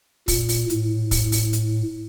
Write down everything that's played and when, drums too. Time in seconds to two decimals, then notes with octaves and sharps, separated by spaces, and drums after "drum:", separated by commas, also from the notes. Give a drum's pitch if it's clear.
0.28 A#2, drum: kick, open hi-hat
0.49 drum: open hi-hat
0.70 A2, drum: hi-hat
1.11 drum: kick, open hi-hat
1.32 drum: open hi-hat
1.53 drum: hi-hat